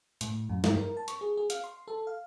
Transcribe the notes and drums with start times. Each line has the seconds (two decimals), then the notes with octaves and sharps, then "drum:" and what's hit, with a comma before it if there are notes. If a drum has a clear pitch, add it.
0.21 A2, drum: hi-hat
0.49 F#2
0.64 G2, drum: snare
0.77 A#4
0.97 A5
1.08 C#6, drum: hi-hat
1.21 G#4
1.37 G#4
1.50 F5, drum: hi-hat
1.64 C6
1.87 A4
2.07 F5